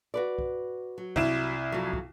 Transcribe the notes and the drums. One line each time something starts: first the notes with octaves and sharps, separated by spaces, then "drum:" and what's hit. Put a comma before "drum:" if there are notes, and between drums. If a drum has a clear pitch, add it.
F#4 B4 D5
drum: kick
F#3
C2 E4 E7, drum: kick
F2 F#3
drum: kick